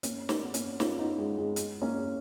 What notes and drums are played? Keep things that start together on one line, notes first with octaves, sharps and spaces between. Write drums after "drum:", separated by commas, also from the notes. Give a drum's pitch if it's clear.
A#3 C#4, drum: hi-hat
drum: snare
B3
A#3 C#4, drum: hi-hat
C#4 F4, drum: snare
B3 D#4
G#3
G#3
drum: hi-hat
A#3 C#4